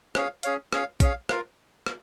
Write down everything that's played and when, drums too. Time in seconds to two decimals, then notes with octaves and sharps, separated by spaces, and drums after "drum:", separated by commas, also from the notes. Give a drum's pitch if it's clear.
0.15 C#4 G#4 C#5 F5, drum: rim click
0.43 C#4 G#4 C#5 F5, drum: hi-hat
0.73 C#4 G#4 C#5 F5, drum: rim click
1.00 C#4 G#4 C#5 F5, drum: kick, hi-hat
1.29 F4 A#4 F5, drum: rim click
1.86 drum: rim click